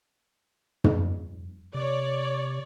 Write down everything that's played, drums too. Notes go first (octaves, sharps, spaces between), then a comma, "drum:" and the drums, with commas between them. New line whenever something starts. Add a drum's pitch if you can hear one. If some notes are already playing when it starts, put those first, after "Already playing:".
drum: tom
C3 C#5 D5